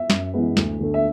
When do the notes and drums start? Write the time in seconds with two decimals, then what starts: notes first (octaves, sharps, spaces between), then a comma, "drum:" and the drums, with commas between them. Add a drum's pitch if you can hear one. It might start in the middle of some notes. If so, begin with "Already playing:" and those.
Already playing: E5
0.10 F#2, drum: snare
0.34 E3 G#3 B3
0.57 D2, drum: snare
0.80 D3 A3
0.94 E5